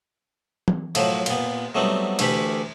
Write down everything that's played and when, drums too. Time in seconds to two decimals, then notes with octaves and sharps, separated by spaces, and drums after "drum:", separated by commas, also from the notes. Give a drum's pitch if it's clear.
0.68 drum: tom E3
0.95 A2 F3 F#3, drum: cymbal
1.26 A#2 B3, drum: cymbal
1.75 F#3 G3 A3 B3 C4 D#4
2.19 D2 E3 A3 G4 B5, drum: cymbal